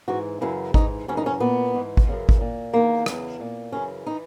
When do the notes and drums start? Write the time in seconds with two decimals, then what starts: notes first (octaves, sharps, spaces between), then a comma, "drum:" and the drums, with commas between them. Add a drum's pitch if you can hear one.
0.08 G#2 E3 F#4
0.41 F#2 C#3 E3 E4
0.74 G#2 E3 D#4, drum: kick G#1
1.08 F#2 C#3 E3 C#4
1.17 D#4
1.26 C#4
1.40 A#2 B3
1.74 G#2 E3
1.97 drum: kick G#1
2.07 F#2 C#3 E3
2.29 drum: kick G#1
2.41 A#2
2.73 E2 D#3 A#3
3.06 E2 C#3 E3, drum: rim click
3.40 A#2
3.72 F#2 C#3 E3 C#4
4.06 E3 D#4